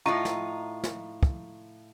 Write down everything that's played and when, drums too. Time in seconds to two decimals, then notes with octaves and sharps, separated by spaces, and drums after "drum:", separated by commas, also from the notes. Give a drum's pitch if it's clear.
0.06 A2 D#4 F4 A#5 C#6 D#7
0.25 drum: snare
0.84 drum: snare
1.23 drum: kick